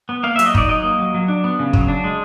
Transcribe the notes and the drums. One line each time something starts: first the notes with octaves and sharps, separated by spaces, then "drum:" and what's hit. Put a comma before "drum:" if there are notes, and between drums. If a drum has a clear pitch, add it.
B3
A#3 F5
E5
F#3, drum: hi-hat
D#5
D#4 D5, drum: kick
F#3 D#5
A#3
F#3
F#3
D4
B3
C#3
F#3, drum: kick
D4
G#3